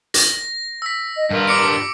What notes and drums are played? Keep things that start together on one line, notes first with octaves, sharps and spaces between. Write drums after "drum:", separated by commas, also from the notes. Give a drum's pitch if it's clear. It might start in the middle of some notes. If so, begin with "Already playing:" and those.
A#6, drum: hi-hat
E6 B6
D#5
G2 F4 A#4
D6 C#7 D7